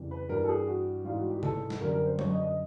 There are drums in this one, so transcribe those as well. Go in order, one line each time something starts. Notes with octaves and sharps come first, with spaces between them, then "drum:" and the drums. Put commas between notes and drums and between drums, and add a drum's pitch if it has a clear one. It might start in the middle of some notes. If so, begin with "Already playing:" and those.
Already playing: F2 C#3 E3 G3
B4
G2 E3 G3 A#4
A4
G#4
F#4
G#2 E3 G3 F4
F#4
G4
A4, drum: tom C3
drum: snare
F#2 D3 G3 A#4
A#4
C5
C#5, drum: tom F#3
D#5
D#5